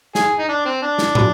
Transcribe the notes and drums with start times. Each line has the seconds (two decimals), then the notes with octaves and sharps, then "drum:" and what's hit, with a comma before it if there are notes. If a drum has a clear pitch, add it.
0.15 G#4, drum: snare
0.39 D#4
0.49 D4
0.65 C4
0.82 D4
0.98 drum: snare
1.15 drum: tom